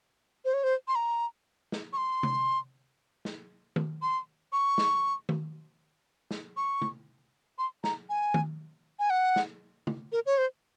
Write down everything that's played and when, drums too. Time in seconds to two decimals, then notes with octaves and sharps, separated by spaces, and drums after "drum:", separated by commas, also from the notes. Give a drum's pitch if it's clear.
0.45 C5
0.54 C#5
0.64 C5
0.88 C6
0.95 A#5
1.72 drum: snare
1.93 C#6
1.97 C6
2.23 drum: tom C3
3.25 drum: snare
3.76 drum: tom D#3
4.02 C6
4.53 C#6
4.78 drum: snare
5.29 drum: tom D#3
6.31 drum: snare
6.57 C#6
6.82 drum: tom C#3
7.58 C6
7.84 A#5, drum: snare
8.09 G#5
8.34 drum: tom D#3
8.99 G#5
9.10 F#5
9.36 drum: snare
9.87 drum: tom C#3
10.12 A#4
10.26 C#5
10.38 C5